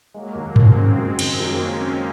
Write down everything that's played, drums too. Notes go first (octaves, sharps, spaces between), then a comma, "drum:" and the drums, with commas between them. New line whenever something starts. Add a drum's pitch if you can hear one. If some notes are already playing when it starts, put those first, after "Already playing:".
F#3 G#3 A#3
D#2
D#2 G#3 C4, drum: tom G2
C#3
F#2 G#3 C4
D#3, drum: cymbal
F#2 A#3 C#4